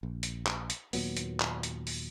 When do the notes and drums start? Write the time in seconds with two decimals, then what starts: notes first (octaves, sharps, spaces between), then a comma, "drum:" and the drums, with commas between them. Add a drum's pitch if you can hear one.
0.03 A#1
0.23 drum: hi-hat
0.46 drum: clap
0.70 drum: hi-hat
0.93 D#2 A#2 F#3 B3, drum: open hi-hat
1.17 drum: hi-hat
1.40 drum: clap
1.63 drum: hi-hat
1.87 drum: open hi-hat